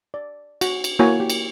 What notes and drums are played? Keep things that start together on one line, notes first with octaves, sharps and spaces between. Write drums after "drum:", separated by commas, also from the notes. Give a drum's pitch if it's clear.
D5
F#4, drum: cymbal
drum: cymbal
A#3 E4 F#4 C#5 G#5
G4
drum: cymbal